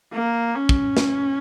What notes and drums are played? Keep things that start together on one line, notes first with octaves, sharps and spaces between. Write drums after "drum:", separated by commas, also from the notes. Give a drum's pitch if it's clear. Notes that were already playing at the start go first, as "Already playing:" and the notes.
A#3
C#4
drum: kick
drum: snare